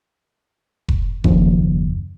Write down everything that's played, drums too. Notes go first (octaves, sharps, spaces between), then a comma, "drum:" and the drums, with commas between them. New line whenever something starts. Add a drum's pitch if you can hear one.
drum: kick F1
F#1 D#2 F3 C#4, drum: kick F1